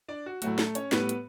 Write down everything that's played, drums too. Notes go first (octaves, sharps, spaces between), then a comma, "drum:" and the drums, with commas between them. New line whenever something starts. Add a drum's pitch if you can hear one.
D4 D5
F#4
A2 F#3 A3 F#4, drum: hi-hat
A3 A4, drum: snare
C#4 C#5, drum: hi-hat
A2 G3 B3 B4, drum: snare
drum: hi-hat